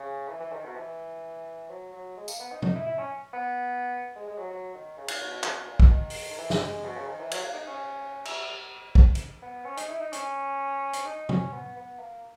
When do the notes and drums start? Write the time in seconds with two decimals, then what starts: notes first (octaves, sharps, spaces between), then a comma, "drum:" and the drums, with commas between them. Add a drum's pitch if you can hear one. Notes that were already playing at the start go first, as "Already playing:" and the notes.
Already playing: C#3
0.29 E3
0.40 E3
0.52 D#3
0.64 B2
0.75 E3
1.69 F#3
1.93 F#3
2.17 G#3
2.28 A#3, drum: tambourine
2.40 B3
2.52 D#4
2.62 D#4, drum: tom A#2
2.75 E4
2.86 E4
2.99 C#4
3.33 B3
4.16 G#3
4.27 G#3
4.38 F#3
4.50 F#3
4.74 D#3
4.98 C#3
5.08 A#2, drum: cymbal
5.20 B2
5.32 B2
5.43 A#2, drum: clap
5.56 B2
5.67 A#2
5.80 B2, drum: kick
5.90 D#3
6.10 drum: open hi-hat
6.30 D#3
6.38 E3
6.50 drum: snare
6.61 G#3
6.85 B2
6.96 C#3
7.07 D#3
7.20 E3
7.31 F#3, drum: cymbal
7.43 A#3
7.54 D#4
7.67 C#4
8.25 E4, drum: cymbal
8.95 drum: kick
9.15 drum: hi-hat
9.42 B3
9.65 C#4
9.77 D#4, drum: hi-hat
9.89 E4
10.01 D#4
10.13 C#4, drum: hi-hat
10.93 drum: hi-hat
11.06 D#4
11.29 C#4, drum: tom A#2
11.53 B3
11.77 B3
11.99 A#3